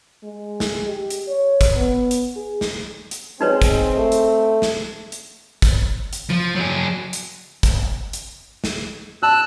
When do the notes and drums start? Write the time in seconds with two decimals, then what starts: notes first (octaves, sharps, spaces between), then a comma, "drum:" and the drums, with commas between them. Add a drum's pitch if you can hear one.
0.24 G#3
0.60 drum: snare
0.88 G4
1.10 drum: hi-hat
1.28 C#5
1.61 drum: kick, hi-hat
1.76 B3
2.11 drum: hi-hat
2.36 G#4
2.61 drum: snare
3.11 drum: hi-hat
3.41 G#3 C4 D#4 B4 C#5
3.62 drum: kick, hi-hat
3.96 A3
4.12 drum: hi-hat
4.62 drum: snare
5.12 drum: hi-hat
5.62 drum: kick, hi-hat
6.13 drum: hi-hat
6.30 F3
6.56 F#3 G#4
7.13 drum: hi-hat
7.63 drum: kick, hi-hat
8.13 drum: hi-hat
8.64 drum: snare
9.23 A5 E6 F#6